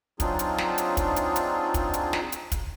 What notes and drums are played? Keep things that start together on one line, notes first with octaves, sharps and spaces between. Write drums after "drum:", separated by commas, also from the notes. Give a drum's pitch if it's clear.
F#3 C4 D4 D#4 F4 G#4, drum: kick, hi-hat
drum: hi-hat
drum: snare
drum: hi-hat
drum: kick, hi-hat
drum: hi-hat
drum: hi-hat
drum: kick, hi-hat
drum: hi-hat
drum: snare
drum: hi-hat
drum: kick, hi-hat